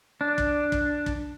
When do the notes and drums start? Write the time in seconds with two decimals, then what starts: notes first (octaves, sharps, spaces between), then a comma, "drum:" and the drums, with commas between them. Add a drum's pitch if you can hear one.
0.21 D4
0.38 drum: kick
0.72 drum: kick
1.06 drum: kick